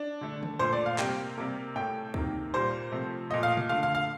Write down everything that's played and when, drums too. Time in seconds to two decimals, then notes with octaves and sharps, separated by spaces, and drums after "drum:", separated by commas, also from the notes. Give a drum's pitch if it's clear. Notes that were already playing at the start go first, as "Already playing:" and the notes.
Already playing: D4
0.21 D3 A3
0.43 drum: tom D3
0.59 A#2 A3 C5
0.73 D5
0.86 F5
0.98 C3 G3 A#3 G5, drum: clap
1.38 C3 G3 A#3
1.76 A2 A3 G5
2.14 C3 D#3 A#3, drum: kick C#2
2.53 A#2 G3 A#3 C5
2.92 C3 F3 A3
3.30 A#2 A3 D#5
3.43 F5
3.57 drum: tom A#2
3.69 D3 A3 F5
3.83 F5
3.95 F5